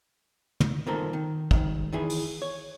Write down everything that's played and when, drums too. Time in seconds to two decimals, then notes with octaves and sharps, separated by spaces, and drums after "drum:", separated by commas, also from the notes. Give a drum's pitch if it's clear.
0.60 drum: tom
0.86 C2 A#2 D#3 C4 A4 A#4
1.13 D#3
1.51 C2 G#2 D#3, drum: kick
1.93 D#3 E3 G#4
2.10 drum: open hi-hat
2.42 C#5